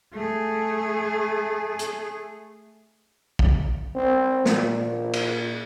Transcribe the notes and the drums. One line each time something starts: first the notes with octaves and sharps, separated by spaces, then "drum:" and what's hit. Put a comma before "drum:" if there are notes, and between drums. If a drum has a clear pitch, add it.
A3 G#4
drum: hi-hat
drum: kick
C4
A#2, drum: snare
drum: cymbal